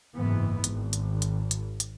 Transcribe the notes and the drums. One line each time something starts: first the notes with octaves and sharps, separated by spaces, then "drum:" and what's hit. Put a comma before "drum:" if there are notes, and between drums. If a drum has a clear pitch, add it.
F#1 G#2 E3 B3
G#1, drum: hi-hat
drum: hi-hat
drum: hi-hat
drum: hi-hat
drum: hi-hat